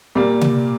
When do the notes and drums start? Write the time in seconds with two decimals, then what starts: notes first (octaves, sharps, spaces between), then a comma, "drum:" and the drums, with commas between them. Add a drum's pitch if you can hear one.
0.15 A#2 G3 A#3
0.41 drum: tom C3